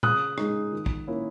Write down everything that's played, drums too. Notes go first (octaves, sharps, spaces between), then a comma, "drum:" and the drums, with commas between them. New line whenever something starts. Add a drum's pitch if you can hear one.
C#3 D#6 F#6, drum: tom A#2
G#3 D#4, drum: rim click
D#3
drum: kick
A#3 C#4 E4